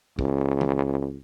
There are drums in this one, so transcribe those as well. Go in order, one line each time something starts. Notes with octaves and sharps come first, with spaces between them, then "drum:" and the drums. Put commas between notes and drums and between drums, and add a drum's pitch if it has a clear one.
C#2, drum: kick
drum: tom